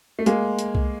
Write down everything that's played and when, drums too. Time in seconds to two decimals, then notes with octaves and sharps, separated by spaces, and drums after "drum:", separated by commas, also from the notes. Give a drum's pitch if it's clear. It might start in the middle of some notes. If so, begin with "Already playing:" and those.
0.19 A3
0.26 G#3 A#3, drum: hi-hat
0.59 drum: hi-hat
0.75 drum: kick C2